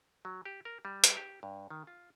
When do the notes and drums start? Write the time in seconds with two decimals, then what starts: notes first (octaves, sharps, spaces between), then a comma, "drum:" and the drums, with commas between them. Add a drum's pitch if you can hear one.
0.25 F#3
0.45 G4
0.65 A#4
0.85 G3
1.04 drum: hi-hat
1.17 G4
1.43 G2
1.70 D#3
1.87 F4